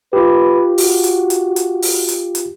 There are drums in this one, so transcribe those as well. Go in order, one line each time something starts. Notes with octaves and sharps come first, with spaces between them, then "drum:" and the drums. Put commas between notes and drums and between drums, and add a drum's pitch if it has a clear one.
F4 G4 B4
F#4, drum: open hi-hat
drum: hi-hat
drum: hi-hat
drum: hi-hat
drum: open hi-hat
drum: hi-hat
drum: hi-hat